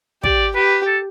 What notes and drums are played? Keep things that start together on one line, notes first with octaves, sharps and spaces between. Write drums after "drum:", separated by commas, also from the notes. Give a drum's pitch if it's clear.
G4 D5, drum: kick
G4 B4
A4